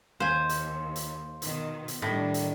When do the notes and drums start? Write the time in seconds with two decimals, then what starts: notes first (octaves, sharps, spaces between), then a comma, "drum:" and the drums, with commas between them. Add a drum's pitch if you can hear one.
0.20 D#2 C5 F5 G#5 C6
0.49 drum: hi-hat
0.96 drum: hi-hat
1.42 B2 D#3, drum: hi-hat
1.88 drum: hi-hat
2.02 A2 D#3 G3 D4
2.34 drum: hi-hat